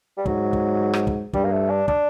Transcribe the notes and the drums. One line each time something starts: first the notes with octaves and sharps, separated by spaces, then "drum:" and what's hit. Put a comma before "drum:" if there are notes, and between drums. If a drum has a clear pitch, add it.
G3
G#2 F#3, drum: kick
drum: kick
drum: rim click
drum: kick
G2 G3, drum: kick
A#3
A3
D4
D4, drum: kick